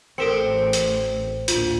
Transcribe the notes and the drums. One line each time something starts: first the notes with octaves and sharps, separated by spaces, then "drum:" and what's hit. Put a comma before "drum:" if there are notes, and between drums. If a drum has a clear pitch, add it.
A1 C4 A4 A#4 C#7
drum: hi-hat
D2 A#2 F4, drum: hi-hat